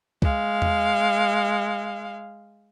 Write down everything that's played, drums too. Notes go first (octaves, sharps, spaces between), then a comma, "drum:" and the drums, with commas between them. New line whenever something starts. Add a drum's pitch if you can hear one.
G#3 F5, drum: kick
drum: tom E2